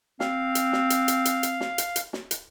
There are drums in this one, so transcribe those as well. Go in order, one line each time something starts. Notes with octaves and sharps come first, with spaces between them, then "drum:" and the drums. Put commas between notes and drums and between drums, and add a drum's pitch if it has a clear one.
C4 F5, drum: snare
drum: hi-hat
drum: snare
drum: hi-hat
drum: hi-hat
drum: hi-hat
drum: hi-hat
drum: snare
drum: hi-hat
drum: hi-hat
drum: snare
drum: hi-hat